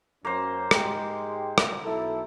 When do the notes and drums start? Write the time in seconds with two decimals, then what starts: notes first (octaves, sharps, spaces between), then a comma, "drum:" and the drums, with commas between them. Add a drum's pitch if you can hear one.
0.25 F#2 A#3 C#4 C5
0.71 G#2 G#3 G4, drum: rim click
1.58 drum: rim click
1.84 B1 E4 A4